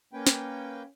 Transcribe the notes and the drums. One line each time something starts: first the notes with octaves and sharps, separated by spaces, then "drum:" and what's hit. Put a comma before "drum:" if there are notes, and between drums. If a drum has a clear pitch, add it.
A#3 C#4 B4 G5
drum: snare